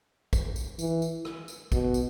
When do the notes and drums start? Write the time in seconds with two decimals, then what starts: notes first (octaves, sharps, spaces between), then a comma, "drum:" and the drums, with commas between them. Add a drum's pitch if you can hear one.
0.33 drum: kick, tambourine
0.56 drum: tambourine
0.79 E3, drum: tambourine
1.02 drum: tambourine
1.25 drum: rim click
1.48 drum: tambourine
1.72 B2, drum: kick, tambourine
1.94 drum: tambourine